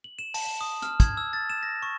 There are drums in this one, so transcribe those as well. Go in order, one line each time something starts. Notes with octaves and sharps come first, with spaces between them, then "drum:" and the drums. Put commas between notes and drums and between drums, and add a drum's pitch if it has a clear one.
F#7
E7
A5, drum: open hi-hat
E7
D#6
F6, drum: hi-hat
G#6, drum: kick, hi-hat
E6
A6
E7
A#6
C#6